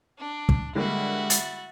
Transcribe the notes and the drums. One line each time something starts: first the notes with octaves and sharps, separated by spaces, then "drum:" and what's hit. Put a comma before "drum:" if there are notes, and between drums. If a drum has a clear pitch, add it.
D4
drum: kick
D3 G3 G#3 A#3 E4 F#4
A6, drum: hi-hat